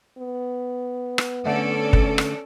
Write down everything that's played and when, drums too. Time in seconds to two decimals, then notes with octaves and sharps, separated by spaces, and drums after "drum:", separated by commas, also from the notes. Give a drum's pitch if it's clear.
0.18 B3
1.18 drum: rim click
1.45 D3 A3 C#4 A4 D5
1.93 drum: kick
2.18 drum: rim click